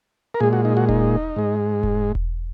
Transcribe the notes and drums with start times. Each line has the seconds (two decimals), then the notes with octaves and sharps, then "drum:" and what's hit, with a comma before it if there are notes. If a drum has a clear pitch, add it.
0.34 A#4
0.40 A#2 G#3 G#4
0.53 F#4
0.65 D#4
0.77 F#4
0.89 D#4, drum: kick E1
1.36 G#2 G#3
1.83 drum: kick E1
2.15 drum: kick E1